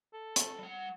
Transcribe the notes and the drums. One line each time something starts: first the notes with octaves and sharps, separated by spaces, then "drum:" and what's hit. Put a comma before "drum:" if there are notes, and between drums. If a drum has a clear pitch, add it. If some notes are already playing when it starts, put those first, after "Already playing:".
A4
drum: hi-hat
G3 F#5